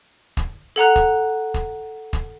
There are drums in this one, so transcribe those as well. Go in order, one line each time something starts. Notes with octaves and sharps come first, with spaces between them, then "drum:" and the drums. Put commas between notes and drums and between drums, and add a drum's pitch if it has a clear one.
drum: kick
A4 F#5 A#5 F#6
drum: kick
drum: kick
drum: kick